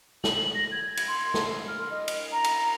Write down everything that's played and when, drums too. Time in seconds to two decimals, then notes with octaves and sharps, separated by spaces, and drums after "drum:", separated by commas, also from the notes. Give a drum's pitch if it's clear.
0.24 F#7, drum: snare
0.55 A#6
0.72 G#6
0.97 drum: cymbal
1.08 C6
1.34 drum: snare
1.68 F6
1.90 D#5
2.08 drum: cymbal
2.32 A#5
2.44 drum: cymbal